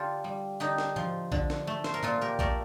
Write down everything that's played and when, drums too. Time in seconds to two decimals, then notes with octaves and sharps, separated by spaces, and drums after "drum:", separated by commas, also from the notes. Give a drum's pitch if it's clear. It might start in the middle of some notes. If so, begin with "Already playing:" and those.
Already playing: D3 F4 G4 A4
0.24 G3
0.60 D3 D#4 G4
0.78 drum: snare
0.96 F3, drum: tom A2
1.32 D3, drum: kick A#1
1.50 drum: snare
1.67 A3
1.84 C5, drum: snare
1.94 A#4
2.03 A#2 F4 A4, drum: tom A2
2.21 G4 A#4
2.39 A3 A#4 D5, drum: kick A#1